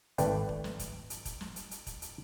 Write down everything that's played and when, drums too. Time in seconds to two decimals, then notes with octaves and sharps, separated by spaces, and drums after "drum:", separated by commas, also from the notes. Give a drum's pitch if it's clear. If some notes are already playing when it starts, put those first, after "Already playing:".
0.18 G#1 A3 B4 D5 G5, drum: hi-hat
0.49 drum: kick E1
0.64 drum: snare
0.79 drum: kick E1, hi-hat
1.10 drum: hi-hat
1.25 drum: kick E1, hi-hat
1.41 drum: snare
1.56 drum: hi-hat
1.71 drum: hi-hat
1.87 drum: kick E1, hi-hat
2.02 drum: hi-hat